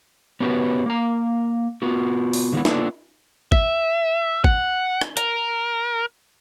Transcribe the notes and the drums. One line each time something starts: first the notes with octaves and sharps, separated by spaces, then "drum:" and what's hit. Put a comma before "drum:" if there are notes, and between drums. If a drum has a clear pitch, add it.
B3 C#4 F#4 G4 B4
A#3 A#5
B3 F4 F#4
drum: open hi-hat
D3 D#3 G#3 A#3 B3 E4
A#3 B3 D4 F4 A4, drum: snare
E5, drum: kick
F#5, drum: kick
drum: rim click
A#4, drum: hi-hat